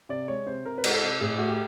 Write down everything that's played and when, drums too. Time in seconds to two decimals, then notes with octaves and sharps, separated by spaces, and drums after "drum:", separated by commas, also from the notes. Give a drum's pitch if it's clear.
0.09 C3 D5
0.28 G#3 C#5
0.46 C3 C5
0.66 C3 A#4
0.78 B4
0.84 G#3 A#4, drum: cymbal
0.94 A4
1.03 C3
1.21 A2 G#4
1.38 A3 F#4
1.49 G4